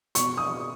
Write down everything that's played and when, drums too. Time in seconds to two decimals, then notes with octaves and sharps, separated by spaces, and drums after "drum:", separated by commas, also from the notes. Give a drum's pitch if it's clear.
0.15 B2 C#6, drum: hi-hat
0.37 D#6